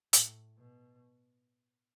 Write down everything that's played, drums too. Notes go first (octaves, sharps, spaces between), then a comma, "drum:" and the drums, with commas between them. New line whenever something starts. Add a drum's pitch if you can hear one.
A2, drum: hi-hat
B2